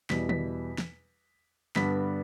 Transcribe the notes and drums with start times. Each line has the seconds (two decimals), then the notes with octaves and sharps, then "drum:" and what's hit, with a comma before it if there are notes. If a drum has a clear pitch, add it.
0.10 E2 B2 G3 B6, drum: snare
0.29 B6, drum: tom
0.78 drum: snare
1.76 G2 D3 G3 B3 D4 B6, drum: snare